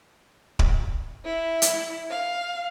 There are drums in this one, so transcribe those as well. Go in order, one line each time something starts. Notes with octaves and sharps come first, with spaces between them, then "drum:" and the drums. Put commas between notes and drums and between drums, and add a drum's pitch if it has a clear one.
drum: kick D1
E4
drum: hi-hat
F5